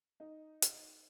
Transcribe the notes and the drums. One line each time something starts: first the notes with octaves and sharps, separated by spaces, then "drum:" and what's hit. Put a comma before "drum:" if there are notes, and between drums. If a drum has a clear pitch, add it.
D#4
drum: hi-hat